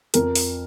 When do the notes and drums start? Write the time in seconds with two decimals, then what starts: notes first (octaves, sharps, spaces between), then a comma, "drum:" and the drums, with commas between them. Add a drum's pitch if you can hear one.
0.14 F2 A#4, drum: hi-hat
0.35 drum: open hi-hat